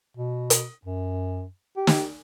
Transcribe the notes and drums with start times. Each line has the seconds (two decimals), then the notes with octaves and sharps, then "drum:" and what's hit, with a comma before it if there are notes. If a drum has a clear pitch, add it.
0.17 B2
0.50 drum: hi-hat
0.85 F#2
1.77 G4
1.87 drum: snare